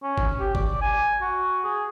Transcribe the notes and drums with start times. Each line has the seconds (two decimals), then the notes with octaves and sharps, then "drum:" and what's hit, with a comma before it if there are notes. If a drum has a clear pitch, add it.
0.03 C#4
0.18 drum: kick G1
0.40 G4
0.55 D5, drum: kick G1
0.81 G#5
1.21 F#4
1.64 G#4